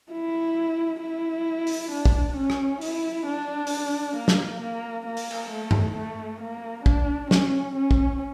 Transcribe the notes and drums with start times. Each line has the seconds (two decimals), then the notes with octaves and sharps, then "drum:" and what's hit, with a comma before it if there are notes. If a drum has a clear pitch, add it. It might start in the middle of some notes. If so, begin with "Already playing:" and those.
0.12 E4
1.01 E4
1.67 drum: open hi-hat
1.91 D4
2.05 drum: kick
2.37 C#4
2.50 drum: rim click
2.81 E4, drum: open hi-hat
3.26 D4
3.67 drum: open hi-hat
4.16 A#3
4.28 drum: snare
4.61 A#3
5.06 A#3
5.17 drum: open hi-hat
5.31 drum: cymbal
5.51 A3
5.71 drum: tom G2
5.96 A3
6.42 A#3
6.86 D4, drum: kick
7.31 C#4, drum: snare
7.76 C#4
7.91 drum: kick